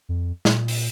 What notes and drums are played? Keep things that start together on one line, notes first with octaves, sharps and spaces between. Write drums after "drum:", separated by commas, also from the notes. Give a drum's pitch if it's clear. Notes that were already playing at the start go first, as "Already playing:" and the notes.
F2
A#2, drum: snare
drum: open hi-hat